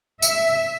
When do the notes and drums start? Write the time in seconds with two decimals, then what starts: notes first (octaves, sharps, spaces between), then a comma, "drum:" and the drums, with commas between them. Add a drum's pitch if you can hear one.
0.22 E5, drum: tambourine